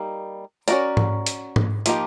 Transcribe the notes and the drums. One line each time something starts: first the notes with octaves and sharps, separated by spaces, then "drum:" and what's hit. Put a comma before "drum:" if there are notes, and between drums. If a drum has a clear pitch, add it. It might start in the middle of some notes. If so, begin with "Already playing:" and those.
Already playing: G3 A#3 D#4
C#4 F#4 A#4 D5, drum: hi-hat
drum: tom G#2
drum: hi-hat
drum: tom G#2
F3 A#3 D#4 G4, drum: hi-hat